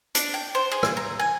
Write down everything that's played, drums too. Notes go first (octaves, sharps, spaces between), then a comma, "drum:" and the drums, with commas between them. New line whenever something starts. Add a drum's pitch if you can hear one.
D4, drum: hi-hat
G5
C5
G#4
drum: rim click
A#5
G#5